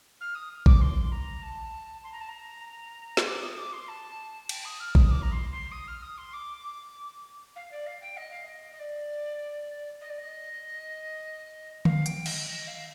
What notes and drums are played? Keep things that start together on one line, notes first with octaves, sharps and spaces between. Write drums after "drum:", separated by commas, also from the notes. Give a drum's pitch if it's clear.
F6
D#6
D6, drum: kick A1
C6
A#5
A5
C6
A#5
A5
A#5
C6, drum: snare
D6
D#6
D6
C6
A5
G5, drum: cymbal
D#6
F6
D#6, drum: kick A1
D6
A#5
C6
C6
D#6
F6
D#6
C6
D6
F5
D5
F5
G5
D#5
F5
D#5
D#5
D5
D#5
D5
D#5
F5, drum: tom D3
G5, drum: hi-hat
D#5, drum: cymbal
D#5
F5